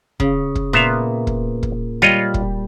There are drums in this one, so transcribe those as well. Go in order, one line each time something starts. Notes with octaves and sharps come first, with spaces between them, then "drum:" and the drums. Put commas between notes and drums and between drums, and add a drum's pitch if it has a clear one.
C#3, drum: kick
drum: kick
A#2 B3 E5 F5
drum: kick
drum: kick
G3 F4 C#5 D#5
drum: kick